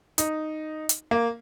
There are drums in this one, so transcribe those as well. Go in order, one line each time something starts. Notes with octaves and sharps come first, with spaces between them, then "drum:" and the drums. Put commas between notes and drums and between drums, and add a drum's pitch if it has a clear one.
D#4, drum: hi-hat
drum: hi-hat
A#3